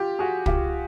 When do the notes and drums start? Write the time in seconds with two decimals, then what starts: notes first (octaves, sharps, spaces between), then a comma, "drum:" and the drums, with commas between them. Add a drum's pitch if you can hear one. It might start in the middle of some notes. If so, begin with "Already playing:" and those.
Already playing: F4 G4
0.19 F#4 G#4
0.46 F4 G4, drum: kick